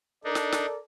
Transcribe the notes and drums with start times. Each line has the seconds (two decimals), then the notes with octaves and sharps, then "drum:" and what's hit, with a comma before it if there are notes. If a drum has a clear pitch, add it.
0.24 D4 D#4 A4 A#4 D5
0.35 drum: snare
0.52 drum: snare